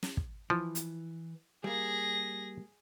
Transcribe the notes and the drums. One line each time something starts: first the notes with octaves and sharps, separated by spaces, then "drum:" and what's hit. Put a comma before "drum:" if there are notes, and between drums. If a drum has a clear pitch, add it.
drum: snare
drum: kick
E3 F3
drum: hi-hat
G3 A#3 G#4 A#6